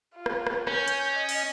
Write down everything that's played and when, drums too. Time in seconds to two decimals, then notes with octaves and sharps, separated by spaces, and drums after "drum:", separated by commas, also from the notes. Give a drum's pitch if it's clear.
0.14 F4
0.26 drum: rim click
0.47 drum: rim click
0.67 C#4 G6, drum: rim click
0.88 drum: hi-hat
1.13 D#5
1.29 drum: open hi-hat